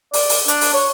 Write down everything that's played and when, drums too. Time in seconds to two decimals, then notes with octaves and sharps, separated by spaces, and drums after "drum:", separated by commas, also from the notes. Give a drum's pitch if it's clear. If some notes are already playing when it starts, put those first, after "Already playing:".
0.13 D5, drum: open hi-hat
0.29 drum: open hi-hat
0.48 D4, drum: hi-hat
0.61 drum: open hi-hat
0.74 C#5